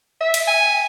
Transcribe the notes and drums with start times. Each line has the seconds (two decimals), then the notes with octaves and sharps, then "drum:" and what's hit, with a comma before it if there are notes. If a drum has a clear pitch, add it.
0.21 E5
0.34 drum: cymbal
0.48 G#5